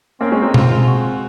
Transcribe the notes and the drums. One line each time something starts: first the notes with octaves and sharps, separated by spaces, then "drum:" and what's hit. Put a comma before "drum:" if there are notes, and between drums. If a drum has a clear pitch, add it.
A#3 C4 C#4
G#3 C4 C#4
G#3 C4 D#4
F4, drum: tom B2
F4
F#4